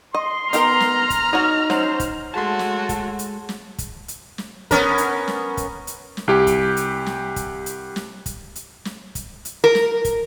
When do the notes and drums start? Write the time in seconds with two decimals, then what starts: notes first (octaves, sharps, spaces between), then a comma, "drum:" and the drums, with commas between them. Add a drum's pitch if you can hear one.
0.15 D#5 C6
0.53 B3 D#4 G4 A#4 A#5 F6, drum: hi-hat
0.80 drum: snare
1.10 drum: kick, hi-hat
1.33 D#4 F#4 C#5 D#5
1.70 F#3 C#4 C5, drum: snare
2.00 drum: kick, hi-hat
2.34 G#3 A3 F#4 G#4 C#5 A5 C6
2.59 drum: snare
2.89 drum: kick, hi-hat
3.19 drum: hi-hat
3.49 drum: snare
3.78 drum: kick, hi-hat
4.08 drum: hi-hat
4.38 drum: snare
4.71 B3 C#4 A#4, drum: kick, hi-hat
4.98 drum: hi-hat
5.28 drum: snare
5.57 drum: kick, hi-hat
5.87 drum: hi-hat
6.17 drum: snare
6.28 C2 G4 G5
6.47 drum: kick, hi-hat
6.77 drum: hi-hat
7.06 drum: snare
7.36 drum: kick, hi-hat
7.66 drum: hi-hat
7.96 drum: snare
8.26 drum: kick, hi-hat
8.55 drum: hi-hat
8.85 drum: snare
9.15 drum: kick, hi-hat
9.45 drum: hi-hat
9.64 A#4
9.75 drum: snare
10.05 drum: kick, hi-hat